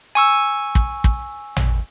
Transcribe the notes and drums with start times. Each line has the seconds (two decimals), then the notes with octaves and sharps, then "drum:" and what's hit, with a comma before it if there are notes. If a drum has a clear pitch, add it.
0.15 G#5 C#6 E6, drum: hi-hat
0.75 drum: kick
1.04 drum: kick
1.56 drum: tom A1